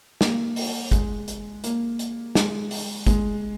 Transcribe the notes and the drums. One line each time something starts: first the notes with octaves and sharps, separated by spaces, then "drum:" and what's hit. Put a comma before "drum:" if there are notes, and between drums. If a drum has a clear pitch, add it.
A#3, drum: snare
drum: open hi-hat
G#3, drum: kick, hi-hat
drum: hi-hat
A#3, drum: hi-hat
drum: hi-hat
G#3, drum: snare
drum: open hi-hat
G#3, drum: kick, hi-hat